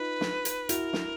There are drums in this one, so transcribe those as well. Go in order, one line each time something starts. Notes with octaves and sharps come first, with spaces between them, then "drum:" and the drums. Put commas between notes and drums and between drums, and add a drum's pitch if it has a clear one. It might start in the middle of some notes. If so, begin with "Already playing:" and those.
Already playing: D#4 F4 B4
drum: snare
drum: hi-hat
E4 F#4 A#4, drum: hi-hat
drum: snare